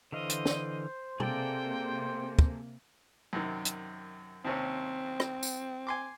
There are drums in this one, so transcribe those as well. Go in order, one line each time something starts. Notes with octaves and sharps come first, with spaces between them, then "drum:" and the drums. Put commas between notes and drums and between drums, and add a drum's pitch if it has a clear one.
D3 E3 C5 D#5 F5
drum: hi-hat
drum: snare
C3 A#3 G#4 A4 D5 G5, drum: tom B2
drum: kick
F#2 C3 D#3
drum: hi-hat
D#2 C3 C4 C#4
drum: rim click
drum: tambourine
G#5 C6 D6